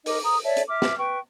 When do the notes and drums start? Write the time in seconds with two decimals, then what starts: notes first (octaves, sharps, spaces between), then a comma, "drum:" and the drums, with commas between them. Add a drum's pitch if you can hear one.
0.06 D#4 A#4 D#5 D6, drum: open hi-hat
0.24 A#5 D#6
0.44 C#5 D5 E5 A5
0.57 drum: hi-hat
0.68 E5 D6 F6
0.82 drum: snare
0.99 B4 G5 C#6